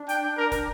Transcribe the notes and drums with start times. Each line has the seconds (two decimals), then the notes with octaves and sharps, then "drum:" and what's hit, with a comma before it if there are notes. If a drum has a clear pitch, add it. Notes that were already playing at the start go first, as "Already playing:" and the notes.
Already playing: D4
0.09 G5, drum: hi-hat
0.37 A#4
0.52 drum: kick, hi-hat